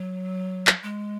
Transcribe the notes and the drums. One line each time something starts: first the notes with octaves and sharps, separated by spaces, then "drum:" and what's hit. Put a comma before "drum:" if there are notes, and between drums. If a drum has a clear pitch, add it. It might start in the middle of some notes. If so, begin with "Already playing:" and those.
Already playing: F#3
drum: clap
G#3